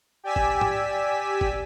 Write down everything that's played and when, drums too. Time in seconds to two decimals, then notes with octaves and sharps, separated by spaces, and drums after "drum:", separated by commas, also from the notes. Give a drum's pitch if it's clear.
0.24 G4 D5 G#5 E6 B6
0.36 drum: kick
0.61 drum: tom G#2
1.41 drum: kick